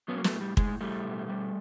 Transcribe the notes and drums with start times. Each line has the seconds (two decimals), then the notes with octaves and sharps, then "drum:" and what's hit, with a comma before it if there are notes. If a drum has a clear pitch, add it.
0.08 F#3 B3 C#4
0.18 A#3
0.24 A3 B3, drum: snare
0.33 A2
0.41 G3
0.57 A2 G#3, drum: kick
0.81 A2 G3 A3
1.05 B2
1.29 G3